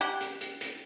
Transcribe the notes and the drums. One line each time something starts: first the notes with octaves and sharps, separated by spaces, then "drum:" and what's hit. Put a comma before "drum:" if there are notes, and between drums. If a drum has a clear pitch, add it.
G4 F#5
drum: hi-hat
drum: hi-hat
drum: hi-hat